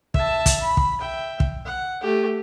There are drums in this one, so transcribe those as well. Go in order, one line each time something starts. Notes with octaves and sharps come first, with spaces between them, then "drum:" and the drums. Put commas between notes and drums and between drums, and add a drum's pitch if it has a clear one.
E5 A5, drum: kick
drum: kick, hi-hat
B5
drum: kick
E5 G5
drum: kick
F#5
A3 G4